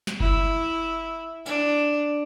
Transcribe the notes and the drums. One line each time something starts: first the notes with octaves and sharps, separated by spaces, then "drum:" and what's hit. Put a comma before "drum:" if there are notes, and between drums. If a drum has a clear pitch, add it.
drum: snare
E4, drum: kick F#1
D4, drum: tambourine